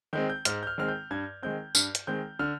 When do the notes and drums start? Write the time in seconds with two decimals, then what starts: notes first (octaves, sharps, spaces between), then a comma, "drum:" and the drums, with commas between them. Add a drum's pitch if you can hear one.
0.13 D#3 G#3 C4 G6
0.30 G6
0.45 G#2 F6, drum: hi-hat
0.63 G6
0.67 F6
0.78 D#3 G#3 C4 F6
0.88 G6
1.11 G2 G#6
1.43 D#3 G#3 C4 G6
1.75 G2 F6, drum: tambourine
1.95 drum: hi-hat
2.07 D#3 G#3 C4 G6
2.39 D3 F6